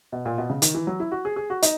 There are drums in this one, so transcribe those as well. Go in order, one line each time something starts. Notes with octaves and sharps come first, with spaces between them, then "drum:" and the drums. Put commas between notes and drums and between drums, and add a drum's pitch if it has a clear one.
B2
A#2
B2
C#3
D#3, drum: hi-hat
E3
F#3
E4
F#4
G#4
G#4
F#4
D#4, drum: hi-hat